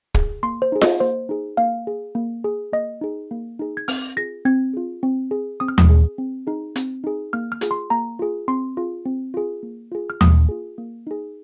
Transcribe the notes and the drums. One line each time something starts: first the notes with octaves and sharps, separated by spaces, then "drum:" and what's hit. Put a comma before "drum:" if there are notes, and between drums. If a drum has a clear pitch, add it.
G#4, drum: kick
A#3 C6
C5
D#4 G#4
D#5, drum: snare F4
A#3 C5
D#4 G#4
A#3 F5
G#4
A#3
G#4
A#3 D#5
D#4 G#4
A#3
D#4 G#4
G#6
C4 F6, drum: open hi-hat
F4 G#4 A#6
C4 G#6
F4 G#4
C4
G#4
C4 D#6
F6
D#6, drum: tom D#2
G#4
C4
D#4 G#4
C4, drum: hi-hat
D#4 G#4
A#3 F6
F6
F4 G#4, drum: hi-hat
C6
A#3 A#5
F4 G#4
C4 C6
F4 G#4
C4
F4 G#4
A#3
F4 G#4
F6
A#3 D#6, drum: tom D#2
F4 G#4
A#3
D#4 G#4